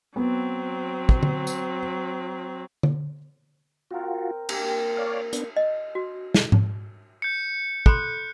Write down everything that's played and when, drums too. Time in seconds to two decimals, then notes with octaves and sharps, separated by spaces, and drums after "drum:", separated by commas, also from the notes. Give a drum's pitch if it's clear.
0.16 F#3 B3 C4
1.09 drum: kick
1.23 drum: tom
1.47 drum: tambourine
2.83 drum: tom
3.91 C4 F4 F#4 A#4
4.49 A#3 C4 G4 A#4 G#5, drum: cymbal
4.97 C#5 D5 F5
5.33 B3 D4, drum: hi-hat
5.56 D#5
5.95 F#4
6.34 drum: snare
6.52 drum: tom G#2
7.22 G6 C#7
7.86 A4 B5 C6 F#6, drum: kick